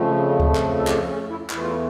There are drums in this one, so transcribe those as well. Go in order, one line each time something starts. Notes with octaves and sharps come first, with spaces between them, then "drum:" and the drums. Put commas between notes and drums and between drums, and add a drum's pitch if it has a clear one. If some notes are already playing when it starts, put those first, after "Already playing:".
Already playing: F2 C#3 F3 A3
drum: kick C#2
drum: clap
A4
G4, drum: clap
C#4
E4
E2 E3 A3 E4, drum: clap
F4
E4